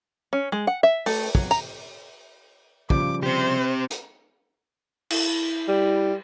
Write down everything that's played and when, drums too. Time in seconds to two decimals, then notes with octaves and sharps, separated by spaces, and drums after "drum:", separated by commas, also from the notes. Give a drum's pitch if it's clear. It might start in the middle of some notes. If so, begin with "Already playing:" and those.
0.33 C#4
0.52 G#3
0.67 F#5
0.83 E5
1.06 A3, drum: open hi-hat
1.35 F#3, drum: kick
1.51 A#5, drum: tambourine
2.90 C#3 F3 G3 D6, drum: kick
3.23 C4 G4 C5
3.91 drum: hi-hat
5.10 E4, drum: cymbal
5.68 G3